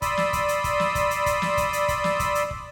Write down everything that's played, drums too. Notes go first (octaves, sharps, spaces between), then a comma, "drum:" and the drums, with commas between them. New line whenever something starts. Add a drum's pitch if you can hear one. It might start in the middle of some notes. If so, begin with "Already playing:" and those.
D5 B5 C6 D#6 E6, drum: kick, hi-hat
drum: snare
drum: kick, hi-hat
drum: hi-hat
drum: kick, hi-hat
drum: snare
drum: kick, hi-hat
drum: hi-hat
drum: kick, hi-hat
drum: snare
drum: kick, hi-hat
drum: hi-hat
drum: kick, hi-hat
drum: snare
drum: kick, hi-hat
drum: hi-hat
drum: kick